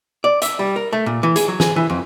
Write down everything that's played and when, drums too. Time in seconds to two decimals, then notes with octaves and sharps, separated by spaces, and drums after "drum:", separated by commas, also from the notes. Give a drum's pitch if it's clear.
0.24 D5
0.42 E5, drum: hi-hat
0.59 G3
0.76 A#4
0.93 A3
1.06 A#2
1.23 E3
1.36 G#4, drum: hi-hat
1.48 F#3
1.60 G#4, drum: snare
1.76 E3
1.90 F2